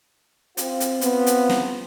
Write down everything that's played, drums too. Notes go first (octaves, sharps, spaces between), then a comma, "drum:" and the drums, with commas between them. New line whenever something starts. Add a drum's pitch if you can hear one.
C4 F4, drum: hi-hat
drum: hi-hat
B3, drum: hi-hat
drum: hi-hat
drum: snare